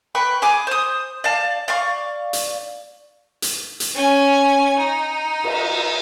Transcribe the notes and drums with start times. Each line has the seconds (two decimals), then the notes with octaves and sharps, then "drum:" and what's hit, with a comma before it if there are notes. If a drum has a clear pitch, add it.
0.15 B4 G5 B5 C#6
0.42 G#4 G#5 D6
0.67 C5 D#6
1.24 D5 F5 A5
1.68 D5 F5 C#6
2.33 drum: hi-hat
3.42 drum: hi-hat
3.80 drum: hi-hat
3.95 C#4 G#5
4.78 D#4
5.44 drum: cymbal